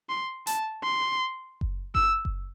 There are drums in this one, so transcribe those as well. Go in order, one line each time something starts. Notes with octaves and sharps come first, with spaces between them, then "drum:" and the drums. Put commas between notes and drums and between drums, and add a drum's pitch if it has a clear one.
C6
A5, drum: hi-hat
C6
drum: kick F#1
E6, drum: kick F#1
drum: kick F#1